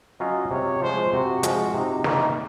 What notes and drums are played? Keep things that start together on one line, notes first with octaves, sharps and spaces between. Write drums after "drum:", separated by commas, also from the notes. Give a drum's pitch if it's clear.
F#3 C#4 F4 D#5
C3 C#5
F3 G#3 C5
C3 F#4
F3 G#3, drum: hi-hat
C3 D#4
D#3 A#3 D#4, drum: snare